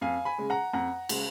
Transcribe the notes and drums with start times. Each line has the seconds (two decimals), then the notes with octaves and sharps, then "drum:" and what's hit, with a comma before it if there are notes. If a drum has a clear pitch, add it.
0.01 F2 F5 G#5
0.25 G#5 B5
0.38 C#3 G#3
0.50 F#5 A#5
0.73 F2 F#5 A#5
1.09 C#3 G#3, drum: cymbal